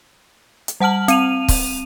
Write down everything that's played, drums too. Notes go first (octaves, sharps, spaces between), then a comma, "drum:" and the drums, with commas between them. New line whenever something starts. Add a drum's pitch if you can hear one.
drum: hi-hat
G3 F#5 A5 F6 F#7
C4 D#7 F7, drum: hi-hat
drum: kick, open hi-hat